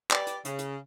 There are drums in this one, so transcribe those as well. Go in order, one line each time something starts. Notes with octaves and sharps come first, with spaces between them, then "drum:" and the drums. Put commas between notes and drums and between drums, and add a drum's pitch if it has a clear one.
G4 B4 D5, drum: clap
drum: hi-hat
C#3, drum: hi-hat
drum: hi-hat